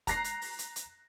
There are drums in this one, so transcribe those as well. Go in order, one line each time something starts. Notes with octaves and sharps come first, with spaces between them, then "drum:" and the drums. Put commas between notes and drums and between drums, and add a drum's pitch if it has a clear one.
A#5 F#6 A#6 C7, drum: kick F#1, hi-hat
drum: hi-hat
drum: open hi-hat
drum: hi-hat
drum: hi-hat